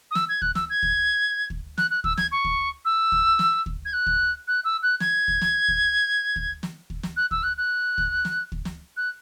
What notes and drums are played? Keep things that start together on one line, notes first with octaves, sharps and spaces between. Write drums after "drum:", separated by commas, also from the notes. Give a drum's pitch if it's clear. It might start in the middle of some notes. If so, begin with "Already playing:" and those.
D#6
E6, drum: snare
G#6
F#6, drum: kick D2
E6, drum: snare
G#6
drum: kick D2
drum: kick D2
F#6, drum: snare
F#6
E6, drum: kick D2
G#6, drum: snare
C#6
drum: kick D2
E6
drum: kick D2
drum: snare
drum: kick D2
G#6
F#6
drum: kick D2
F#6
E6
F#6
G#6, drum: snare
drum: kick D2
drum: snare
drum: kick D2
drum: kick D2
drum: snare
drum: kick D2
drum: snare
F#6
E6, drum: kick D2
F#6
F#6
drum: kick D2
drum: snare
drum: kick D2
drum: snare
F#6